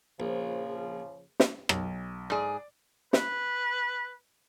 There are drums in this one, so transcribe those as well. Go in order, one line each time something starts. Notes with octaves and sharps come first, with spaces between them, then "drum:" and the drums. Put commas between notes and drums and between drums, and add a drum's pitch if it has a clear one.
A#1 C#3 F3
drum: snare
B1, drum: rim click
G#2 G#4 D5
B4, drum: snare